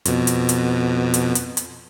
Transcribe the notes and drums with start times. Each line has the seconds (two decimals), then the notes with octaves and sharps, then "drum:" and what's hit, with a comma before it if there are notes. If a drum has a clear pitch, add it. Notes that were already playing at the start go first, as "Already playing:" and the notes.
0.05 F2 B2, drum: hi-hat
0.27 drum: hi-hat
0.49 drum: hi-hat
1.14 drum: hi-hat
1.35 drum: hi-hat
1.57 drum: hi-hat